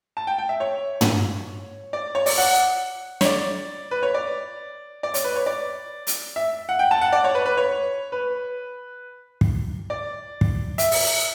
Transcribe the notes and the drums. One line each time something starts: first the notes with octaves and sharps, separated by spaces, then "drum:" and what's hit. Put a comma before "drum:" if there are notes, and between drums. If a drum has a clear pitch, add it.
A5
G5
G5
E5
C#5
drum: tom
D5
C#5
D5, drum: open hi-hat
F#5
C#5, drum: snare
D5
B4
C#5
D5
D5
C#5, drum: hi-hat
B4
C#5
D5
drum: hi-hat
E5
F#5
G5
A5
F#5
D5
C#5
B4
B4
C#5
B4
drum: kick
D5
drum: kick
E5, drum: hi-hat
drum: open hi-hat